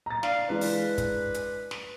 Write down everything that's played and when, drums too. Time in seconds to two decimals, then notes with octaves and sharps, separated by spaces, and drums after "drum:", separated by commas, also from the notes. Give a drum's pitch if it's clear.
0.06 A#5 A6
0.23 D4 F5, drum: snare
0.49 E3 G#3 D4 B4
0.61 drum: open hi-hat
0.98 drum: kick, hi-hat
1.34 drum: hi-hat
1.71 drum: snare